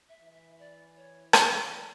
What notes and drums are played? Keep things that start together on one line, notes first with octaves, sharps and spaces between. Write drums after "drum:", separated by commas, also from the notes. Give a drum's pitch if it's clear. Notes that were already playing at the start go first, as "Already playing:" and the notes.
E5
E3
E5
D5
C#5
D5, drum: rim click